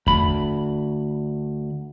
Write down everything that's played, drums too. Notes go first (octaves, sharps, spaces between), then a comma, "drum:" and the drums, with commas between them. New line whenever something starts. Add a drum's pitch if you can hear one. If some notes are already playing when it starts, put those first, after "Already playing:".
D2 B5, drum: kick E2